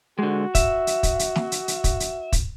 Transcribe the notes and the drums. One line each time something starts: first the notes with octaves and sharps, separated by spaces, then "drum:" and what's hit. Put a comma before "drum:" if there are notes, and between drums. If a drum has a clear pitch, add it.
D3 G#3 F#4
E5, drum: kick, hi-hat
drum: hi-hat
drum: kick, hi-hat
drum: hi-hat
drum: snare
drum: hi-hat
drum: hi-hat
drum: kick, hi-hat
drum: hi-hat
drum: kick, hi-hat